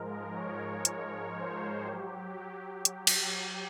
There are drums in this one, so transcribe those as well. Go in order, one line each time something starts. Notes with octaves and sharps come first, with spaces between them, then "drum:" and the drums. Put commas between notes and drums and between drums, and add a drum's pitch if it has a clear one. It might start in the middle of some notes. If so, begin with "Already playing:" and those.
Already playing: G#2 F3 G#3 A#4
C#5
C#5, drum: hi-hat
C5
F#3 G4
drum: hi-hat
drum: cymbal